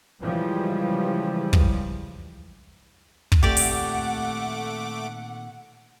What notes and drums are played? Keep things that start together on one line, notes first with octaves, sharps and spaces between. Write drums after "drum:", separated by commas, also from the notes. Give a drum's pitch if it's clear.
C#3 E3 F3 G3 G#3
drum: kick
drum: kick
A#2 D#3 A3 C4 G4 D5 F#5 D6
drum: open hi-hat